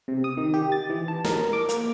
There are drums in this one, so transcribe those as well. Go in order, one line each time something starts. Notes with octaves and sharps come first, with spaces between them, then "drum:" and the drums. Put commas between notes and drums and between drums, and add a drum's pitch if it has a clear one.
C3
D#6
D#3
G4
A6
E3
A5
A#4, drum: snare
D6
A#3, drum: hi-hat